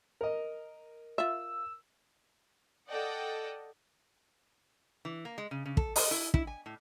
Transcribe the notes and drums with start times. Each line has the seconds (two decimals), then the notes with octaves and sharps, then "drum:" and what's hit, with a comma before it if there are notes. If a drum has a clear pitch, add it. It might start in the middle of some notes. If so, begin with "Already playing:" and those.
0.21 A#4 D#5
1.18 F4 E5 E6
2.89 A4 D5 D#5 F#5 G5
5.05 E3
5.25 A#3
5.38 G#3
5.51 C#3
5.66 C#3
5.77 A4, drum: kick
5.96 D#5, drum: open hi-hat
6.11 E4
6.34 E4, drum: kick
6.47 G#5
6.66 A2